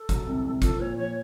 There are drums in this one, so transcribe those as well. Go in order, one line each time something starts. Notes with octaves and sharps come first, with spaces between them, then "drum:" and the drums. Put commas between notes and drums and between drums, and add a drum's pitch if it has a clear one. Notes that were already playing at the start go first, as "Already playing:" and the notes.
Already playing: A4
F#3, drum: kick, hi-hat
C2
C2
F3 A4, drum: kick, hi-hat
A#2 C#5
F3 C#5